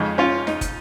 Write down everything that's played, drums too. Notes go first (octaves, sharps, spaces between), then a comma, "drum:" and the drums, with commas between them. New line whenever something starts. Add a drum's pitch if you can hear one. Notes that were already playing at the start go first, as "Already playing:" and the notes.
Already playing: F2 C#3 G#3 D#4
C#4 F4
D#4, drum: snare
drum: kick, hi-hat